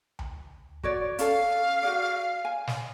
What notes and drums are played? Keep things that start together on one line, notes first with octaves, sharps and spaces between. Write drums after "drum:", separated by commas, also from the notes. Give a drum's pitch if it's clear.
drum: tom D2
F#4 C#5 D5, drum: kick
C#4 A4 F5, drum: hi-hat
F#4 G#4 D5
G#5
drum: snare